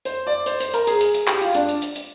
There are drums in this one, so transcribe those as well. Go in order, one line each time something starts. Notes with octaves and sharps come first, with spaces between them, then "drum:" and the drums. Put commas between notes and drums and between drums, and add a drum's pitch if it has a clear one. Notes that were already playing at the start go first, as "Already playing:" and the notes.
C5, drum: hi-hat
D5
C5, drum: hi-hat
C5, drum: hi-hat
A#4, drum: hi-hat
G#4, drum: hi-hat
drum: hi-hat
drum: hi-hat
G4, drum: clap
F4, drum: hi-hat
D4, drum: hi-hat
drum: hi-hat
drum: hi-hat
drum: hi-hat